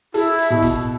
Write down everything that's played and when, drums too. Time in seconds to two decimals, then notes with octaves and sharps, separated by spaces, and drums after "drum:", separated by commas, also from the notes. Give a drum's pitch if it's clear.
0.14 E4 A4, drum: hi-hat
0.38 drum: hi-hat
0.50 B2
0.62 drum: kick, hi-hat